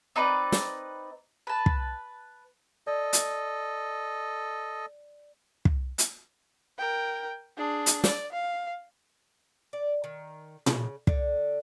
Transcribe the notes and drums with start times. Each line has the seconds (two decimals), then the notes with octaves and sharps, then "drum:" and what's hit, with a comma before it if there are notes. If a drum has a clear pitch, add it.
0.16 C4 D#4 B4 D5
0.52 drum: snare
1.47 B4 A5
1.66 drum: kick
2.87 A4 D5 D#5
3.13 drum: hi-hat
5.65 drum: kick
5.98 drum: hi-hat
6.78 A#4 G5
7.57 D4 G#4
7.86 drum: hi-hat
8.04 D5, drum: snare
8.32 F5
9.73 D5
10.04 D#3
10.66 C#3, drum: tom A#2
11.07 D3, drum: kick